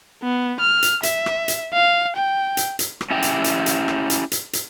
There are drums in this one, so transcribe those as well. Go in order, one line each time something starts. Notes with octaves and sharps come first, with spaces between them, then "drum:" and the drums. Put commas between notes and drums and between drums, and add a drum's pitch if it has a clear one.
B3
F6
drum: hi-hat
E5, drum: hi-hat
drum: rim click
drum: hi-hat
F5
G5
drum: hi-hat
drum: hi-hat
drum: rim click
C#4 E4 G4 G5
drum: hi-hat
drum: hi-hat
drum: hi-hat
drum: rim click
drum: hi-hat
drum: hi-hat
drum: hi-hat